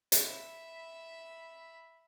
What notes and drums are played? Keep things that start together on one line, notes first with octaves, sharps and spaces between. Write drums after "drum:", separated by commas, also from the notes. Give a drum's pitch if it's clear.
drum: hi-hat
E5 B5